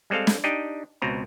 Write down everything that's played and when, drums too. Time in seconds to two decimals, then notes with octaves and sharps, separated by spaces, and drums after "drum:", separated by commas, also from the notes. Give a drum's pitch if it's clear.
0.10 G3 G#3 C4 A4 F5
0.27 drum: snare
0.44 D4 D#4 G4 D#5 G5
1.02 C#2 B2 C4 A#5